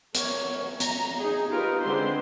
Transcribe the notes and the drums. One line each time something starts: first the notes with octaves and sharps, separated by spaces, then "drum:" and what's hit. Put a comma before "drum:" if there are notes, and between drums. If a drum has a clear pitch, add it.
A#3 C#5, drum: hi-hat
A#5, drum: hi-hat
D#4 G#4
D#4 F4 G4 A#4 B4
D3 G#3 C4 B4 C5 C6